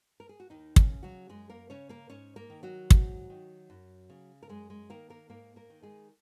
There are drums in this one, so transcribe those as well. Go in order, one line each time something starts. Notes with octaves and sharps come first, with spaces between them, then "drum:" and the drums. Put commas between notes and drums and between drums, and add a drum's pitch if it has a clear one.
A#4
G#4
F#4
D#2 D#3 D#4
C#3 C#4, drum: kick
C#3
F#3 F#4
F#2 G#3 G#4
A#3 A#4
C#3 C#4 C#5
A#3 A#4
G#2 C#4 C#5
A#3 A#4
D#3
F#3 F#4
G#2, drum: kick
D#3
F#2
C#3
A#4
F#2 G#3 G#4
G#3
D#3 A#3 A#4
A#3 A#4
G#2 A#3 A#4
A#3 A#4
D#3
G#3 G#4